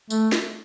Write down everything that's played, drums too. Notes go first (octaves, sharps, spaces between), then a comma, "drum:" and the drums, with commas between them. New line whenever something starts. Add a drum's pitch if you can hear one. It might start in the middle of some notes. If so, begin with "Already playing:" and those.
A3, drum: tambourine
drum: snare